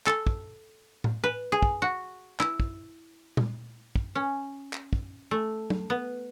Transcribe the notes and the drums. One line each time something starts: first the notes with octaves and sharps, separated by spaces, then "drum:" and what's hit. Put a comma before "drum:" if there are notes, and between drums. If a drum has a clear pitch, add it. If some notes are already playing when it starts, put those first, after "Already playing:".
A4, drum: clap
drum: kick
drum: tom A2
B4
G#4
drum: kick
F#4
E4, drum: clap
drum: kick
drum: tom A#2
drum: kick
C#4
drum: clap
drum: kick
A3
drum: tom
B3